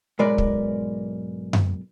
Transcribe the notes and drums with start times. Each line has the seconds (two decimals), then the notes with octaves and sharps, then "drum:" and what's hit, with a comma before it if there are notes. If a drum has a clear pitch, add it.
0.19 B1 G#2 G#3 A#4 B4 D5
0.38 drum: kick
1.53 drum: tom F#2